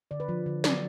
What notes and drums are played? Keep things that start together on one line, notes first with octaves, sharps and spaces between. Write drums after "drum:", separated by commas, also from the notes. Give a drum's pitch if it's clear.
D3 D5
B4
F3
D3
F#3 D5, drum: snare